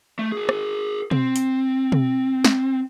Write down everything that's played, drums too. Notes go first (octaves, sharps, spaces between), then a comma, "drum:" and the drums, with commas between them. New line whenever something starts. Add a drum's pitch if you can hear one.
A3
G#4 A#4
drum: rim click
C4, drum: tom B2
drum: hi-hat
drum: tom B2
drum: snare